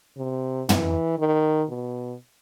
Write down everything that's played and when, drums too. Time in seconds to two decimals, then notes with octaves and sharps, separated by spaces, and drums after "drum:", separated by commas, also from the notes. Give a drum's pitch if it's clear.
0.18 C3
0.69 E3, drum: tom
1.19 D#3
1.69 B2